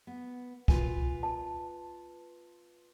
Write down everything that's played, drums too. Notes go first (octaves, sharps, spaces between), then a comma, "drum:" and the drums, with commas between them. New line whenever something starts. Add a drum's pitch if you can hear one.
B3
F4 B4 G#5, drum: kick C2
A5